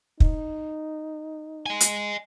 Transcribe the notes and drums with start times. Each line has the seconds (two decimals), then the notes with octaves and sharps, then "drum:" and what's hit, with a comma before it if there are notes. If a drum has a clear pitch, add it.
0.20 D#4, drum: kick
1.66 D#5 G#5
1.80 drum: hi-hat